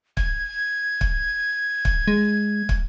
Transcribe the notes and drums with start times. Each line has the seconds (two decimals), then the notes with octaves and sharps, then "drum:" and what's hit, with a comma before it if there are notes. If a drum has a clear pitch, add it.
0.17 G#6, drum: kick
1.01 drum: kick
1.85 drum: kick
2.08 G#3
2.69 drum: kick